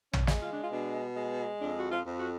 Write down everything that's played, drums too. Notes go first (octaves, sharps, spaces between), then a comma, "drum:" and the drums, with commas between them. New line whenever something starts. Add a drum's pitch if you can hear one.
C#4, drum: tom
G#3, drum: snare
F4
D4
F4
B2 D4
G#3
F2 D4
F#4
F4
F2
F#4